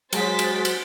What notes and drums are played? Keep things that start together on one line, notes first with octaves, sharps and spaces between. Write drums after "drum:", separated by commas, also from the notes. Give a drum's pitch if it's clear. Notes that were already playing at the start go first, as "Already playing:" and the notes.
F#3 G#3 C5 A6 B6, drum: cymbal
drum: cymbal
drum: cymbal